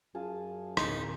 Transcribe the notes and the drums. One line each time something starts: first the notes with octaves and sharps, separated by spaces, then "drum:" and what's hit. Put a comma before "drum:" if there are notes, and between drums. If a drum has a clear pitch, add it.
F#2 F4 G#4 A5
D1 D#4 A#4 E7, drum: rim click